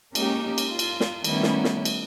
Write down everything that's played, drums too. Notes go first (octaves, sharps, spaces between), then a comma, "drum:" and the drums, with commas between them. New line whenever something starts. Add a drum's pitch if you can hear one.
G#3 A#3 C#4 D#4 G4, drum: cymbal
drum: cymbal
F4
drum: cymbal
drum: snare
D#3 G3 A3 B3 C#4 E4, drum: cymbal
drum: snare
drum: snare
drum: cymbal